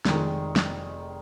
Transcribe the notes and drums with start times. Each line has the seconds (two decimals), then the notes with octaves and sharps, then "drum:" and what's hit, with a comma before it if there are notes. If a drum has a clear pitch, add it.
0.05 F1 F2 D#3 G#3, drum: snare
0.56 drum: snare